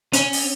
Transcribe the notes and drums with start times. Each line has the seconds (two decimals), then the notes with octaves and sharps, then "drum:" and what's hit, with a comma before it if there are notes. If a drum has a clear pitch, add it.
0.13 C#4, drum: hi-hat
0.33 drum: open hi-hat